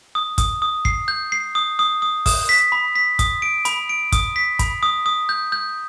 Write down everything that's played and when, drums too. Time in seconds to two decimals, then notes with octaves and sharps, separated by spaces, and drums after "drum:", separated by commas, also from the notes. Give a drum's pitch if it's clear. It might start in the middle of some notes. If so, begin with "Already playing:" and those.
0.15 D#6
0.38 D#6, drum: kick, hi-hat
0.62 D#6
0.85 C7, drum: kick
1.08 G6
1.32 C7
1.55 D#6
1.79 D#6
2.02 D#6
2.26 D#6, drum: kick, open hi-hat
2.49 B6
2.72 B5
2.96 B6
3.19 D#6, drum: kick, hi-hat
3.42 D7
3.65 B5, drum: hi-hat
3.89 D7
4.12 D#6, drum: kick, hi-hat
4.36 B6
4.59 B5, drum: kick, hi-hat
4.83 D#6
5.06 D#6
5.29 G6
5.52 G6